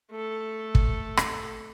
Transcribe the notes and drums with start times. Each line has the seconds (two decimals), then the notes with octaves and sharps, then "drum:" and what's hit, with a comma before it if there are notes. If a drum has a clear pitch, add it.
0.11 A3 A4
0.75 drum: kick
1.17 drum: rim click